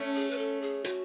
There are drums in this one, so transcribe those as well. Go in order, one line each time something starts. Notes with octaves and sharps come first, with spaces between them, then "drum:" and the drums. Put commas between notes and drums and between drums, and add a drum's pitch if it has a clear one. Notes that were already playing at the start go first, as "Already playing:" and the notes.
Already playing: A3 C#4
G#4
B4
A4
G#4
F#4, drum: hi-hat